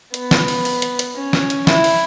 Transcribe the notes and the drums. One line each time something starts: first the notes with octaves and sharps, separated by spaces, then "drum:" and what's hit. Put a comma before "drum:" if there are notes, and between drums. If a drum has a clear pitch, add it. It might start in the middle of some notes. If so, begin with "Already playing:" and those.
B3, drum: hi-hat
drum: snare
drum: open hi-hat
drum: open hi-hat
drum: hi-hat
drum: hi-hat
C#4
drum: snare
drum: hi-hat
E4, drum: snare
drum: open hi-hat